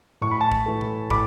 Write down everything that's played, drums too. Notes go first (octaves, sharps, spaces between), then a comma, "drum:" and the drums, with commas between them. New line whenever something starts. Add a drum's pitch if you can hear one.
A2 C#6
B5
A5 C#6
drum: kick
E3 A3
drum: tom A#2
A2 B5 D6, drum: kick